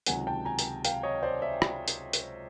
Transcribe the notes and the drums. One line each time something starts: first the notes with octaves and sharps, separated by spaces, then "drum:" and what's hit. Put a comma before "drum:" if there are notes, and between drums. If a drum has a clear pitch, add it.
C#2 C3 D#3 F#3 F#5 G#5, drum: hi-hat
G5 A5
G#5 A#5
drum: hi-hat
F5 G5, drum: hi-hat
C#5 D#5
C5 D5
D5 E5
drum: rim click
drum: hi-hat
drum: hi-hat